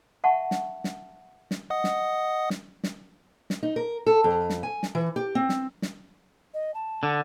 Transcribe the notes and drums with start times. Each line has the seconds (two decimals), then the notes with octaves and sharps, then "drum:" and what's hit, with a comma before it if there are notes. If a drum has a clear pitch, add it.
0.24 E5 F#5 A5 C#6
0.51 drum: snare
0.84 drum: snare
1.51 drum: snare
1.70 D#5 F#5 D#6
1.84 drum: snare
2.50 drum: snare
2.84 drum: snare
3.50 drum: snare
3.63 D#4
3.76 A#4
4.06 A4
4.24 F2
4.50 drum: snare
4.63 G#5
4.83 drum: snare
4.95 E3
5.16 G4
5.35 C4
5.49 drum: snare
5.82 drum: snare
6.54 D#5
6.74 A5
7.03 D3